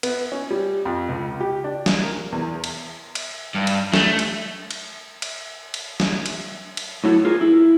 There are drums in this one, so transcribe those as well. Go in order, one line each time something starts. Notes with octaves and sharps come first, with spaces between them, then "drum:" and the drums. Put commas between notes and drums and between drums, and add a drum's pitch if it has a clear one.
B3, drum: cymbal
C#4
G3
F2
C#2
G4
D4
drum: snare
A#4
E2
drum: cymbal
drum: cymbal
G2
drum: cymbal
A3, drum: snare
drum: cymbal
drum: cymbal
drum: cymbal
drum: cymbal
drum: snare
drum: cymbal
drum: cymbal
A2 F#3 E4 A4
F4 G#4 A#4
E4